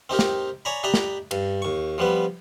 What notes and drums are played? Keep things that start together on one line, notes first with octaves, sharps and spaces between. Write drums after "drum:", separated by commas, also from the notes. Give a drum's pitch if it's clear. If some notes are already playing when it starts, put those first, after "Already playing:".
C4 D#4 G4 A#4
drum: snare
C#5 D5 G#5 A#5 B5
D4 G4 D#5 A#5 B5
drum: snare
G2, drum: cymbal
D#2 C#6
F3 G3 B3 B4